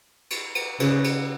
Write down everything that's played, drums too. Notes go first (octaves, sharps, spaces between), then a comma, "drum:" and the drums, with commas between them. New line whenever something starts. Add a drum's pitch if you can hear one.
drum: cymbal
drum: cymbal
C#3, drum: cymbal
drum: cymbal